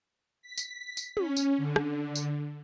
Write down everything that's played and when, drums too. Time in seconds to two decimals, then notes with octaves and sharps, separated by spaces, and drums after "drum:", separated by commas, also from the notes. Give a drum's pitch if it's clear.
0.42 B6
0.58 drum: tambourine
0.97 drum: tambourine
1.17 C#4, drum: tom
1.37 drum: tambourine
1.57 D3
1.76 drum: rim click
2.15 drum: tambourine